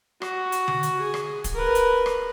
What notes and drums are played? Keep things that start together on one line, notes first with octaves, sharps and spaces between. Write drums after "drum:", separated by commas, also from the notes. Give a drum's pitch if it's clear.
F#4, drum: rim click
drum: hi-hat
drum: tom D3
drum: hi-hat
G#4
drum: rim click
drum: kick D1, hi-hat
A#4 B4
drum: hi-hat
drum: rim click